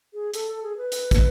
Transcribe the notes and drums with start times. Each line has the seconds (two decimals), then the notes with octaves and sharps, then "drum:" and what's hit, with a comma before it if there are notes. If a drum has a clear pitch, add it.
0.14 G#4
0.34 A4, drum: hi-hat
0.48 A4
0.63 G#4
0.77 B4
0.92 drum: hi-hat
1.11 drum: kick, hi-hat